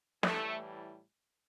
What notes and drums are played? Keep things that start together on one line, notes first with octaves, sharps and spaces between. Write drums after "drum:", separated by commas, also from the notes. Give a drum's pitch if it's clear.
A2 E3 G3 A3, drum: snare